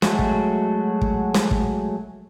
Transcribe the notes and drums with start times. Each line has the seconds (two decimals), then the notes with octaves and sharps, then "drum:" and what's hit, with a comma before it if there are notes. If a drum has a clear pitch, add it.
0.02 F#3 G#3 A3 F#4, drum: snare
0.19 drum: kick
1.01 drum: kick
1.34 drum: snare
1.51 drum: kick